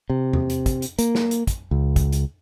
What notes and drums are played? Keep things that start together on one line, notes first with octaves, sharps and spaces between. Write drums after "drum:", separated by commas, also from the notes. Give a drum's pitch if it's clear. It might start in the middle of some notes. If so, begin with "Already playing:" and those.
C3
drum: tom E2
drum: hi-hat
drum: kick, hi-hat
drum: hi-hat
A#3, drum: hi-hat
drum: snare
drum: hi-hat
drum: kick, hi-hat
C#2
drum: kick, hi-hat
drum: hi-hat